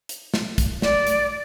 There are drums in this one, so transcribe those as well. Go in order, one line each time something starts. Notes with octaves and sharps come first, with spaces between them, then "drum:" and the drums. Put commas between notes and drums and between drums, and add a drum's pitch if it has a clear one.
drum: hi-hat
drum: snare
drum: kick, hi-hat
D5, drum: snare
drum: hi-hat